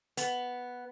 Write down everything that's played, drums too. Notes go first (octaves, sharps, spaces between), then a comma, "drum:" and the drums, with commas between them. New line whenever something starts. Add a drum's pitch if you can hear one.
B3, drum: hi-hat